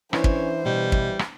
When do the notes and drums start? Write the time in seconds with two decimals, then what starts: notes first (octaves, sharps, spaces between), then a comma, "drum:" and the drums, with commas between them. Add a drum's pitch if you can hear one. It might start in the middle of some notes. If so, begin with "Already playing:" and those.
0.13 E3 C#4 D4 E4 B4 C5, drum: rim click
0.24 drum: kick
0.65 B2 G3
0.92 drum: kick
1.19 drum: rim click